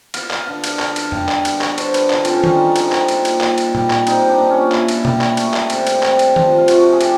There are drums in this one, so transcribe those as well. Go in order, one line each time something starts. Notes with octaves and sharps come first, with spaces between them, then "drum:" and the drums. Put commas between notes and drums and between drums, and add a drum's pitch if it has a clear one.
B3 F5, drum: cymbal
drum: clap
D3 F5
F5, drum: cymbal
D3 F5, drum: clap
drum: cymbal
G3, drum: tom E2
drum: clap
B3, drum: cymbal
C#5, drum: clap
D3 C5, drum: cymbal
B4, drum: cymbal
D3 F4, drum: clap
C4, drum: cymbal
C#4
G3, drum: tom D#3
D#4
C4, drum: cymbal
drum: clap
A#2, drum: cymbal
drum: cymbal
A#2, drum: clap
drum: cymbal
G3, drum: tom A#2
drum: clap
C4 D#4, drum: cymbal
D4
A#2
C#4
A#2 E4, drum: clap
drum: cymbal
G3, drum: tom B2
drum: clap
A3, drum: cymbal
drum: clap
C3, drum: cymbal
drum: cymbal
C4, drum: clap
drum: cymbal
F3, drum: tom D#3
F4
A3 F#4, drum: cymbal
G#4
C3 G4, drum: cymbal